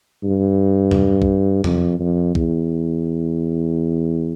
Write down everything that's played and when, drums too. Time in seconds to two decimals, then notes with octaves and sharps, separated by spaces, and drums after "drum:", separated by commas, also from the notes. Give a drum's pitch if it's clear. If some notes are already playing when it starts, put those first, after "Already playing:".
0.24 G2
0.91 drum: tom
1.22 drum: kick B1
1.64 F2, drum: tom
2.00 F2
2.35 E2, drum: kick B1